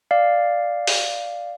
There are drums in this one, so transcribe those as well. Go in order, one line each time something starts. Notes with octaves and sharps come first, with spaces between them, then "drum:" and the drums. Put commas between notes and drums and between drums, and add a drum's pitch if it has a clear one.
D5 F5
drum: open hi-hat